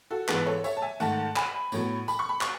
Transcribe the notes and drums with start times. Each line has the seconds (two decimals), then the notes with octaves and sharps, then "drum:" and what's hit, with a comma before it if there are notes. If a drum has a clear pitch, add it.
0.11 F#4 A4
0.28 G#2 E3 B3 G#4 B4, drum: clap
0.46 A4 C#5
0.64 C#5 E5, drum: tambourine
0.77 A5
0.82 E5 G#5
1.00 G#2 D#3 A3 F#5 A5, drum: tambourine
1.36 G#5 B5, drum: clap
1.72 A2 F#3 B3, drum: tambourine
2.08 B5, drum: tambourine
2.19 C#6
2.29 B5
2.41 C#6, drum: clap